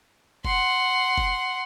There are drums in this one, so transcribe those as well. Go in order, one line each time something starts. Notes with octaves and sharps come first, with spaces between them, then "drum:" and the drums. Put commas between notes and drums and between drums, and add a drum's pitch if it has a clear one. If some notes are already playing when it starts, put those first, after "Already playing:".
F#5 C6, drum: kick F#1
drum: kick F#1